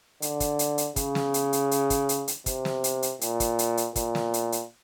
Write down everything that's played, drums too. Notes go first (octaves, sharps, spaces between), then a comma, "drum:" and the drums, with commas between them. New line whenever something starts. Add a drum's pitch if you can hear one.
D3, drum: hi-hat
drum: kick, hi-hat
drum: hi-hat
drum: hi-hat
C#3, drum: kick, hi-hat
drum: snare
drum: hi-hat
drum: hi-hat
drum: hi-hat
drum: kick, hi-hat
drum: hi-hat
drum: hi-hat
C3, drum: kick, hi-hat
drum: snare
drum: hi-hat
drum: hi-hat
A#2, drum: hi-hat
drum: kick, hi-hat
drum: hi-hat
drum: hi-hat
A#2, drum: kick, hi-hat
drum: snare
drum: hi-hat
drum: hi-hat